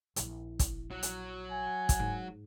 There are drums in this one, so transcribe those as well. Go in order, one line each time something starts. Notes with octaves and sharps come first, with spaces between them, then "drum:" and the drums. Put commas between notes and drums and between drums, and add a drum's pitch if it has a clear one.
A#1 E4, drum: hi-hat
drum: kick, hi-hat
F#3
drum: hi-hat
G#5
drum: kick, hi-hat
G#2